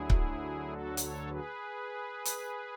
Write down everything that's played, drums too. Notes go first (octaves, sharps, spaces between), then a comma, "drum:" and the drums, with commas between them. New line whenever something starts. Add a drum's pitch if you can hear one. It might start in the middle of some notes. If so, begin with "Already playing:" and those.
Already playing: D2 D3 F#3 E4 G#4
drum: kick C#1
F#4 A4
A4 C#5, drum: hi-hat
G#4 B4
drum: hi-hat